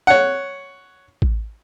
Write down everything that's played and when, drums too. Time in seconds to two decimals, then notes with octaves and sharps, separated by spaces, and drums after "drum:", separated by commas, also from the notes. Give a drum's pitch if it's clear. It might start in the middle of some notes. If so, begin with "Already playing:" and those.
0.07 C#5 F#5
1.22 drum: kick A1